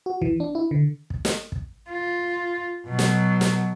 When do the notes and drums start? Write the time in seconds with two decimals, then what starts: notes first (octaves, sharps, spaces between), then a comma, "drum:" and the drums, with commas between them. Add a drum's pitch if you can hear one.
0.06 F#4
0.22 E3, drum: kick
0.40 D4
0.55 E4
0.71 D3
1.10 drum: kick
1.25 drum: snare
1.52 drum: kick
1.90 F4
2.87 B2 F#3
2.99 drum: snare
3.41 drum: snare